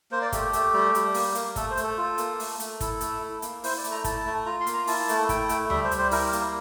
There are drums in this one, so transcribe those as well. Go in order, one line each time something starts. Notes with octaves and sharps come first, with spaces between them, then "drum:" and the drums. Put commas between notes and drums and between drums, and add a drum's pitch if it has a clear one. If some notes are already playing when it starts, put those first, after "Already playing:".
A#3 C5
D5
A3 G4, drum: kick, hi-hat
A3, drum: hi-hat
G3
G3, drum: hi-hat
A#3, drum: open hi-hat
A#3, drum: hi-hat
A3 A4, drum: kick, hi-hat
C5
A3, drum: hi-hat
A4
F4
A#3, drum: hi-hat
A3, drum: open hi-hat
A3, drum: hi-hat
E4 A4, drum: kick, hi-hat
A3, drum: hi-hat
E4
A#3, drum: hi-hat
E4 C5, drum: open hi-hat
D5
A3, drum: hi-hat
A#5
E4 A5, drum: kick, hi-hat
A3
F4 A#5
C6
A#3, drum: hi-hat
A#5
E4 A5, drum: open hi-hat
A3, drum: hi-hat
E4 G5, drum: kick, hi-hat
A3, drum: hi-hat
G3 E5, drum: tom D2
C5
G3, drum: hi-hat
C5
E4 A#4, drum: open hi-hat
A#3, drum: hi-hat